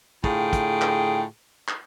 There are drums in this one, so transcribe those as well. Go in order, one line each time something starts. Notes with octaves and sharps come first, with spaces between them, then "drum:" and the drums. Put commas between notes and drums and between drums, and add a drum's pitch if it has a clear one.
A2 D3 F4 G#4 G5, drum: kick
drum: kick, hi-hat
drum: clap
drum: clap